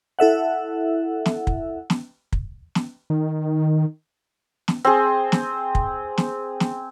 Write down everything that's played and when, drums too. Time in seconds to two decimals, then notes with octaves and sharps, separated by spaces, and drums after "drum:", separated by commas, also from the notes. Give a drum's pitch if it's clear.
0.19 E4 A4 E5 F#5
1.26 drum: snare
1.47 drum: kick
1.90 drum: snare
2.33 drum: kick
2.75 drum: snare
3.10 D#3
4.68 drum: snare
4.85 C4 G#4
5.32 drum: snare
5.75 drum: kick
6.18 drum: snare
6.60 drum: snare